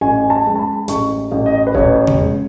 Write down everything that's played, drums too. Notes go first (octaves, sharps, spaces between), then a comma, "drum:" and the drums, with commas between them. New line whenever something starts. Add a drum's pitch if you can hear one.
A1 G#5
A5
G#3
A5
B5
A1 C#6, drum: hi-hat
A1
D#5
B4
A1 C#5, drum: kick D#1
drum: tom B2
G#3